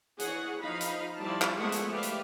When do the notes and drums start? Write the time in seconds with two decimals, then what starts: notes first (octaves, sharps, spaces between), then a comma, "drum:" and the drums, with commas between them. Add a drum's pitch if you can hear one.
0.19 E3 G#4 C#5 F#5, drum: hi-hat
0.61 F3 D#4 F5 B5
0.81 drum: hi-hat
1.20 F3 G3 E4 D5 A5
1.42 drum: clap
1.58 F3 G#3 A3 B3 G#4 F#5
1.72 drum: hi-hat
1.92 G4 B4 D5 E5 F5
2.03 drum: hi-hat